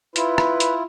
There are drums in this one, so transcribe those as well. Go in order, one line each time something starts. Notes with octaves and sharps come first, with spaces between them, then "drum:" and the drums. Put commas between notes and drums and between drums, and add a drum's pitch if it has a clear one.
E4 F4 B4, drum: hi-hat
drum: rim click
drum: hi-hat